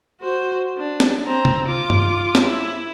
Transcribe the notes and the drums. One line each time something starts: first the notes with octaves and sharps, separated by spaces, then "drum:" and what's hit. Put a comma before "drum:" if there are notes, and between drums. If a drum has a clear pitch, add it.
F#4 C5
D4
drum: snare
C4 A#5
drum: tom
F4 D6
drum: tom G2
drum: snare
E4